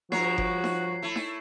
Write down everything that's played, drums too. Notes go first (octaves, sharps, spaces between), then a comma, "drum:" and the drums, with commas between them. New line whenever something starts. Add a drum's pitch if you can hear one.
G2 F3 F#4 A#4 C#5 C7, drum: snare D#4
drum: kick F#1
drum: snare D#4
A3 E4
drum: snare D#4